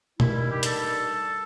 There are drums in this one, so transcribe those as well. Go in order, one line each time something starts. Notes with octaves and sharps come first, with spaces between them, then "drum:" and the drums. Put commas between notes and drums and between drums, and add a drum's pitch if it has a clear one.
G2 D#3 G3 E4, drum: tom B2
E4
G4
A4, drum: hi-hat